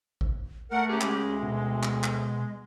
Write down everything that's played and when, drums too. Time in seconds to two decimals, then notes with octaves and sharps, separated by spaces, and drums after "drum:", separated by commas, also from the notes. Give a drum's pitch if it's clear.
0.21 drum: kick A1
0.71 A3 A#4 F#5
0.89 C#4 G4 G#4
1.01 G#3, drum: clap
1.22 D2
1.43 B2
1.83 drum: clap
2.03 drum: clap